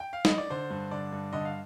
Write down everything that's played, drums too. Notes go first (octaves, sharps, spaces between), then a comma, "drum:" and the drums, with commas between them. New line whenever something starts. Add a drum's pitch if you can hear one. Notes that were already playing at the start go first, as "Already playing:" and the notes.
G5
F5
D#5, drum: snare
D5
D3 C5
G2
D3 D5
G2
D3 D#5
F5